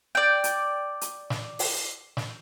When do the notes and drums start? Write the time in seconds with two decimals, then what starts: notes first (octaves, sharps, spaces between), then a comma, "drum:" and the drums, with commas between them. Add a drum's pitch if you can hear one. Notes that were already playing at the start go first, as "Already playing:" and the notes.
0.15 D5 G5
0.44 drum: hi-hat
1.01 drum: hi-hat
1.30 drum: snare
1.59 drum: open hi-hat
2.17 drum: snare